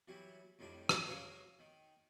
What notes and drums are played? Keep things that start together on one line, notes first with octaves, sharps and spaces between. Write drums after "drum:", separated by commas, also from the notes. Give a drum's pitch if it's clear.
E3 F#3 G3 E4
F2 A2 D#3 G3 D4
drum: rim click
F#4 G#4 A#4 C#5 F5
D#3